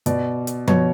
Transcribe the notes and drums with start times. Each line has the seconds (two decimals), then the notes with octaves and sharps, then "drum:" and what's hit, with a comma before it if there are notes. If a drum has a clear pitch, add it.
0.06 B2 D5, drum: hi-hat
0.47 drum: hi-hat
0.67 B2 C#5, drum: tom F3